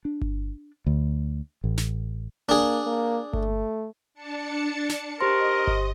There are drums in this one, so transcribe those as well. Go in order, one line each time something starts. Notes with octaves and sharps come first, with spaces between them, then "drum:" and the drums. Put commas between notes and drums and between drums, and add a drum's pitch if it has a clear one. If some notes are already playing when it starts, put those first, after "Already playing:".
D4
drum: kick G1
D2
A1
drum: snare
A#3 D4 G#4
A#3
A3, drum: kick G1
D4 A5 C#7
drum: snare
G4 A#4 C5 D#5 C6
drum: kick G1